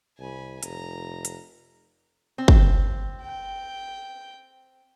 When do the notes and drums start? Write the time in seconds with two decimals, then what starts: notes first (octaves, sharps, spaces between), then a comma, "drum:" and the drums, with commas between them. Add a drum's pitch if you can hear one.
0.19 C2 G#5 B5
0.63 F1 A#5, drum: hi-hat
1.25 drum: hi-hat
2.38 C4
2.48 drum: kick
3.23 G5